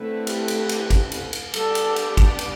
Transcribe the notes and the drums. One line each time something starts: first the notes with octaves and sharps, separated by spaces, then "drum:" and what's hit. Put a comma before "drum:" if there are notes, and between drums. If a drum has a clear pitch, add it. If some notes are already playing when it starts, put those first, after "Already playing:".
Already playing: D3 A3 C4 E4 B4
G4, drum: cymbal
drum: cymbal
drum: cymbal
drum: kick, cymbal
drum: cymbal
drum: cymbal
G3 B3 D4 G4 A4 D5, drum: cymbal
drum: cymbal
drum: cymbal
drum: kick, cymbal
drum: cymbal